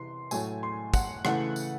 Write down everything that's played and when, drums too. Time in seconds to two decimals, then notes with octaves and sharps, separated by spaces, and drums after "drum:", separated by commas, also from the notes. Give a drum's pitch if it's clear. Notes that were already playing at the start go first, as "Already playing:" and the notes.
Already playing: C3 E3 C6
0.31 A2 F#3 A3 G#5, drum: tambourine
0.63 C6
0.94 F#5, drum: kick, tambourine
1.25 C#3 E3 A3 F#5, drum: rim click
1.56 drum: tambourine